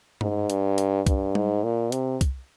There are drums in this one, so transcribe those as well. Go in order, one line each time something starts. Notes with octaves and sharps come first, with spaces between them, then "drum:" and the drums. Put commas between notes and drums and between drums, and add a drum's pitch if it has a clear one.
G#2, drum: tom G2
G2, drum: hi-hat
drum: hi-hat
G2, drum: kick, hi-hat
G#2, drum: tom G3
A#2
C3, drum: hi-hat
drum: kick, hi-hat